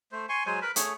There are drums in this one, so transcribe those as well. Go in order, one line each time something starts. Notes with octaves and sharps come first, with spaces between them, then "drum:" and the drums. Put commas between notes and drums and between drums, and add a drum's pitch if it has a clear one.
A3 C5
G#5 C6 C#6
F#3 G#3 C5 G#5
A#4 B4 B5
A3 G#4 C#5, drum: hi-hat